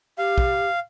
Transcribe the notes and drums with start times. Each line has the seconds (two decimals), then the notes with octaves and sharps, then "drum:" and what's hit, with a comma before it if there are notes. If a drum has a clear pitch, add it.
0.18 G4 F5
0.38 drum: kick A#1